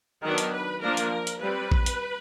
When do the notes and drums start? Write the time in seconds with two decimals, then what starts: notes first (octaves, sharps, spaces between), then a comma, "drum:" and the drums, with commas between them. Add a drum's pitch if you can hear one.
0.23 D#3 F#3 B3 D4 A#4
0.38 drum: hi-hat
0.52 B4
0.82 F3 A#3 D4 A#4
0.97 drum: hi-hat
1.27 drum: hi-hat
1.42 G3 C4 B4
1.72 drum: kick A#1
1.86 drum: hi-hat